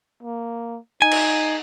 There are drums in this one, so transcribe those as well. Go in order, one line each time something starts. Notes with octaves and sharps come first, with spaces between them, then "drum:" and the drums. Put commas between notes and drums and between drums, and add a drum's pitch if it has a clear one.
A#3
D#4 G#5
drum: cymbal